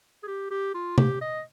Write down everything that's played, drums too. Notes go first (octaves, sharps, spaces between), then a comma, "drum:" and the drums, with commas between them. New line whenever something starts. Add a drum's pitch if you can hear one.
G#4
G4
G4
F4
G4, drum: tom C3
D#5